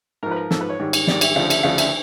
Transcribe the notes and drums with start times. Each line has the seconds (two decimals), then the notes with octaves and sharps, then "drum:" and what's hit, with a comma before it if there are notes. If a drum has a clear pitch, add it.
0.23 G#2 F3 A#4
0.31 B4
0.36 A#4
0.51 G#2 F3 A4, drum: snare
0.61 B4
0.69 C#5
0.79 G#2 D#3 G3
0.93 drum: cymbal
1.07 G#2 D#3 G3 D5, drum: snare
1.21 E5, drum: cymbal
1.36 D2 C#3 F3 F5
1.50 E5, drum: cymbal
1.63 D2 C#3 F3 F5
1.78 E5, drum: cymbal